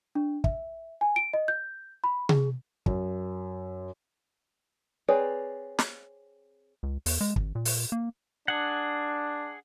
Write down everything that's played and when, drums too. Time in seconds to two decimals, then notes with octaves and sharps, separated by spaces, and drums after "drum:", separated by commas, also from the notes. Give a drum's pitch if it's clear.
0.15 D4
0.44 E5, drum: kick
1.01 G#5
1.16 D7
1.34 D#5
1.48 G6
2.04 B5
2.29 G#4, drum: tom C3
2.86 F#2, drum: kick
5.08 C4 G#4 B4 C#5 D5
5.79 drum: snare
6.83 C#2
7.06 E2, drum: open hi-hat
7.21 G#3
7.36 G#1, drum: kick
7.55 A#2
7.65 drum: open hi-hat
7.92 A#3
8.48 D4 G#4 F#5